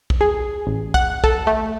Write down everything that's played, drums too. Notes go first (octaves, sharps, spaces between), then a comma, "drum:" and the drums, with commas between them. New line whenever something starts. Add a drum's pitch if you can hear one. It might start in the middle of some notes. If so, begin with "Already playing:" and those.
drum: kick
G#4
A1
F#5, drum: kick
A4, drum: kick
A3